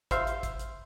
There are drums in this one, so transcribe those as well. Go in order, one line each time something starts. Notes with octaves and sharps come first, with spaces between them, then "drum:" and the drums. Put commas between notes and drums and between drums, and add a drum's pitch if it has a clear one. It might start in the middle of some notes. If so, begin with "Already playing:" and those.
C5 E5 F5 C6, drum: kick, hi-hat
drum: hi-hat
drum: kick, hi-hat
drum: hi-hat